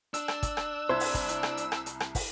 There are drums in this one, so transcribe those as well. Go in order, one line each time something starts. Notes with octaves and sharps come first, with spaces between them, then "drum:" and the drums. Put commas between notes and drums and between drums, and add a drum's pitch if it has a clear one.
D4 E6, drum: hi-hat
drum: rim click
drum: kick, hi-hat
drum: rim click
C2 E4 C5 G#6
drum: open hi-hat
drum: kick, hi-hat
drum: hi-hat
drum: rim click
drum: hi-hat
drum: rim click
drum: hi-hat
drum: rim click
drum: kick, open hi-hat